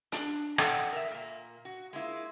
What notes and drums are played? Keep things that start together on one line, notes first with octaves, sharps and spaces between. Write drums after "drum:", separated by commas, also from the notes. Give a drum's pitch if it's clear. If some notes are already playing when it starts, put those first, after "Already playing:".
D4, drum: hi-hat
A4 D5 D#5 F#5 G5, drum: rim click
A#4 E5
A#2 A#3
F#4
G#3 A#3 E4 F4